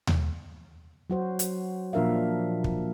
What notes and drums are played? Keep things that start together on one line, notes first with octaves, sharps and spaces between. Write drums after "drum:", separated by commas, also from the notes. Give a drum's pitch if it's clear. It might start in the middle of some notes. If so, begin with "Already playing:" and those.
drum: tom D#2
F#3 F#4 C5
drum: hi-hat
A#2 F3 D4 A#4 E5 F5
drum: kick